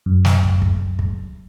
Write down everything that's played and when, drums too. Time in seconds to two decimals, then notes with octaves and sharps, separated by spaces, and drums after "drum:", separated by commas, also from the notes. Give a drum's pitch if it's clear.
0.06 F#2
0.25 drum: snare
0.43 drum: kick
0.62 drum: kick
0.99 drum: kick